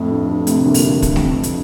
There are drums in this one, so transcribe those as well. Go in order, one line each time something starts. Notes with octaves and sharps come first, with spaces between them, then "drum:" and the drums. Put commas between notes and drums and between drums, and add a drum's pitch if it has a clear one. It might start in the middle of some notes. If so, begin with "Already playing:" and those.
Already playing: F2 A2
G2
G2
A2 C3, drum: hi-hat
A#2 D3
drum: open hi-hat
G2 A#2
G2, drum: kick, hi-hat
F2, drum: snare A3
G2
drum: hi-hat